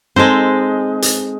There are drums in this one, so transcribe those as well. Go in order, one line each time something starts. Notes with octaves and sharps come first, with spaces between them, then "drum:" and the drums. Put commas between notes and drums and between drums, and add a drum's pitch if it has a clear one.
G#3 C4 D#4 A4 C5
drum: hi-hat